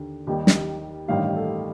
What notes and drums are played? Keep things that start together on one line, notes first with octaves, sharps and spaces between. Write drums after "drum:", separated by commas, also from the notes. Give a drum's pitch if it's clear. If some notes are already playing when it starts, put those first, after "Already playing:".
Already playing: D#2 D3
D#2 D#3 G3
drum: snare
A1 G2 D#3 G3 F5
A4